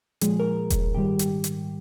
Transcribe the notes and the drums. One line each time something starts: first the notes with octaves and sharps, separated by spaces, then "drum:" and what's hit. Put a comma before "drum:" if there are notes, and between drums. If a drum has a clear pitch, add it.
A#2 F3 G#3 G#4, drum: hi-hat
A#4
drum: kick E1, hi-hat
G#2 D#3 G3 G4
drum: hi-hat
drum: hi-hat